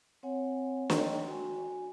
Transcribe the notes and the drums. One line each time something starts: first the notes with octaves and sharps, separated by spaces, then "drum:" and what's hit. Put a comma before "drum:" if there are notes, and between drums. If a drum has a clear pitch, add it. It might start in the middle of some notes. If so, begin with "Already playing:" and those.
C4 C#5 F#5 G#5
C#5 D#5 G5 A#5 C6, drum: snare
F#4 G#5